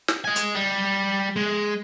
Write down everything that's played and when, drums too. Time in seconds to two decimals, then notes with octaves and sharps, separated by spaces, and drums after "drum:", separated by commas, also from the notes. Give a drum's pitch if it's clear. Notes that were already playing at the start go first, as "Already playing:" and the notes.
0.08 drum: snare
0.24 D#5 G#5
0.36 drum: hi-hat
0.55 G3
1.36 G#3